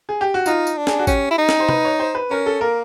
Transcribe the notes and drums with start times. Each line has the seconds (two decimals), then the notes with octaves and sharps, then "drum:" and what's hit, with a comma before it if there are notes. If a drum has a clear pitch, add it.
0.09 G#4
0.21 G4
0.34 F#4
0.46 D#4 F4, drum: tambourine
0.67 drum: tambourine
0.77 D4
0.87 G#4, drum: snare
0.99 F#4
1.07 C#4 G4, drum: kick G#1, tambourine
1.31 E4
1.38 D#4
1.49 drum: snare
1.60 C5
1.69 B4, drum: tom C3
1.85 C#5
2.00 C5
2.15 B4
2.30 C#4 A#4
2.46 A4
2.61 A#3 A#4